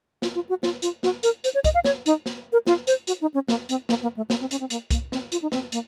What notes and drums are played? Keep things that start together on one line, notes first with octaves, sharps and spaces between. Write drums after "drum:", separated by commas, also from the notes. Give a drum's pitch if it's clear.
F4, drum: snare
F4
F#4
F4, drum: snare
F4, drum: hi-hat
F#4, drum: snare
A#4, drum: hi-hat
C5, drum: hi-hat
C#5
D#5, drum: kick C2, hi-hat
F5
C#5, drum: snare
D#4, drum: hi-hat
drum: snare
A#4
F4, drum: snare
C5, drum: hi-hat
F#4, drum: hi-hat
D#4
C#4
A#3, drum: snare
C4, drum: hi-hat
A#3, drum: snare
A#3
A3
A#3, drum: snare
C4
C#4, drum: hi-hat
C4
A#3, drum: hi-hat
A#3, drum: kick C2, hi-hat
C4, drum: snare
F4, drum: hi-hat
D#4
C4, drum: snare
A#3, drum: hi-hat